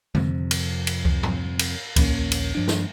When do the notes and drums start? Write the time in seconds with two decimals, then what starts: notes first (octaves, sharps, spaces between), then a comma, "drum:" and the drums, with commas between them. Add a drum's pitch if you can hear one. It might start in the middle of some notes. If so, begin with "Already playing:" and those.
0.15 F2 C3, drum: tom D3
0.51 drum: cymbal
0.87 drum: cymbal
1.05 drum: kick C#2
1.23 drum: tom G#2
1.59 drum: cymbal
1.96 A#1 D#2 A#3 C#4, drum: kick C#2, cymbal
2.32 drum: cymbal
2.55 G2 F3 D4
2.68 drum: snare